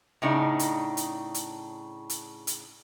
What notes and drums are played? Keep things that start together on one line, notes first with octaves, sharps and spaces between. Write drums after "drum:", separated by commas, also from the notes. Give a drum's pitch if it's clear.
A2 C#3 D4 D#4
drum: hi-hat
drum: hi-hat
drum: hi-hat
drum: hi-hat
drum: hi-hat